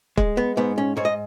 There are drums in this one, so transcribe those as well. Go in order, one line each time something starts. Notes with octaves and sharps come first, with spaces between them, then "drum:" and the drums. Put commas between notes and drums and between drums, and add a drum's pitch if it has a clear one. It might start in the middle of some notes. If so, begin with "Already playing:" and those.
G#3, drum: kick
B3
G#2 B3
C#4
G#2 C#5
D#5